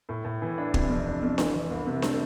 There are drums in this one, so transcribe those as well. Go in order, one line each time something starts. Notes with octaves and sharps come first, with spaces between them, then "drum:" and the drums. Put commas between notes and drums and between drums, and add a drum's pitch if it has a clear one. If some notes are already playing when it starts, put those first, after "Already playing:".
A2
A2
E3
D4
C3, drum: kick
F2
D4
F2
E3, drum: snare D4
E3
C2
C3
A3, drum: snare D4